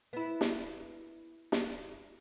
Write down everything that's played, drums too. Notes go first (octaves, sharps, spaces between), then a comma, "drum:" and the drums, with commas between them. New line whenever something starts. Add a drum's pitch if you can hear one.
B3 E4
drum: snare
drum: snare